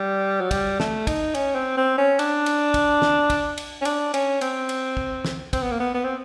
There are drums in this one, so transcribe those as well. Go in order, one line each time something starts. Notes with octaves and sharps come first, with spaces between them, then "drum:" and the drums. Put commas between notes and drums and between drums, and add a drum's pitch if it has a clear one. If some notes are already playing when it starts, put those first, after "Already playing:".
Already playing: G3
F#3
G3, drum: kick, cymbal
A3, drum: snare
D#4, drum: kick, cymbal
C#4, drum: cymbal
C4
C4
C#4
D4, drum: cymbal
drum: cymbal
drum: kick, cymbal
drum: snare
drum: kick, cymbal
drum: cymbal
C#4
D4, drum: cymbal
C#4, drum: cymbal
C4, drum: cymbal
drum: cymbal
drum: kick
drum: snare
C4, drum: kick, cymbal
B3
A#3
B3
B3
C4